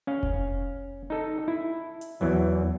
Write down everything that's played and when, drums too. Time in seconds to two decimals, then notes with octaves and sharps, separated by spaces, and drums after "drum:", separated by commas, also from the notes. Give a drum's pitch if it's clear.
0.07 C#4 F5
0.23 drum: kick F1
1.10 D#4 A4
1.48 E4
2.01 drum: hi-hat
2.21 E2 E3 F#3